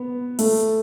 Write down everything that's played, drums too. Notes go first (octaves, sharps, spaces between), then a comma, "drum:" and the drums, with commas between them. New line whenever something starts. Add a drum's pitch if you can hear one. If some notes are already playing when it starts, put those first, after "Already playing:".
Already playing: B3
A3, drum: open hi-hat